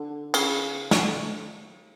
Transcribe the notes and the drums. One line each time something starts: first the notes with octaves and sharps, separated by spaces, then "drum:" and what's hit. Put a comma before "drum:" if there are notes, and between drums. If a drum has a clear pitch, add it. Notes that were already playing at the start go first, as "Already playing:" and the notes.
Already playing: D3
C#3, drum: cymbal
D3, drum: snare